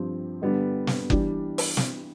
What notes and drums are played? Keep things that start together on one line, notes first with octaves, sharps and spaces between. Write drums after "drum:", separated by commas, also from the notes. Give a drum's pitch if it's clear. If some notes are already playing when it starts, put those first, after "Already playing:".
Already playing: G2 F3 C4 G4
G2 D3 G3 B3
drum: snare
E3 G3 D4 G4, drum: kick F#1
drum: open hi-hat
drum: snare